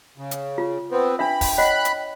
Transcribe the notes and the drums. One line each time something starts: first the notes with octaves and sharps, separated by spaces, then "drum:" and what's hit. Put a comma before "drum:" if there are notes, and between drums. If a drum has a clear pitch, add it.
C#3
drum: hi-hat
F4
B3 C4 B4
D4 E5 G5 B5
drum: kick, open hi-hat
C#5 D#5 F#5 B5 F#6
drum: hi-hat